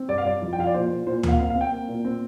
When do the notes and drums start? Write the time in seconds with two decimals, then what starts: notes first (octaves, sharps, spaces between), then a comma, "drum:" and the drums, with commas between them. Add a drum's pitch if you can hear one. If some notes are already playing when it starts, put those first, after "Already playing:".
Already playing: C4
0.08 G2 D5
0.18 F5
0.25 G2 D5
0.42 F2
0.53 G5
0.58 F2 F5
0.67 D5
0.74 A#2 C5
0.90 A#2
1.07 A#2 C5
1.23 A#3 F5, drum: tom D2
1.39 C4 F5
1.50 F5
1.55 C4
1.61 G5
1.72 A#3
1.88 A#2
2.05 C4